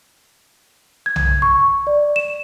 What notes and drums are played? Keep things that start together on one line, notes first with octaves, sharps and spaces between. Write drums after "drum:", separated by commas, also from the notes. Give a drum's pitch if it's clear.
G#6
drum: tom B1
C#6
D5
E7